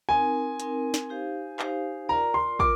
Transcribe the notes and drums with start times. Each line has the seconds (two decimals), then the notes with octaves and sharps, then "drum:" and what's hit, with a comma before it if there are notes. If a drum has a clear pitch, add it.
0.09 C4 D#4 A#4 G#5
0.60 C4 D#4 A#4, drum: hi-hat
0.94 drum: snare
1.09 D#4 G4 C5 F5
1.59 D#4 G4 C5 F5, drum: clap
2.09 F4 A#4 D5 A#5
2.34 C6
2.59 F4 A#4 D6, drum: kick